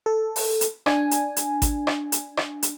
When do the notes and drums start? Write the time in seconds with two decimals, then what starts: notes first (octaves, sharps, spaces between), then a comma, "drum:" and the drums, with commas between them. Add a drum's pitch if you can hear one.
0.06 A4
0.36 drum: open hi-hat
0.61 drum: hi-hat
0.86 D4 G#5, drum: rim click
1.11 drum: hi-hat
1.36 drum: hi-hat
1.62 drum: kick G#1, hi-hat
1.87 drum: rim click
2.12 drum: hi-hat
2.37 drum: rim click
2.63 drum: hi-hat